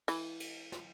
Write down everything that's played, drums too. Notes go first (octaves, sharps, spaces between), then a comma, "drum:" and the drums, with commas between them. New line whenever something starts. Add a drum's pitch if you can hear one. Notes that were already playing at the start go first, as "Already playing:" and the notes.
E3, drum: cymbal
drum: cymbal
drum: snare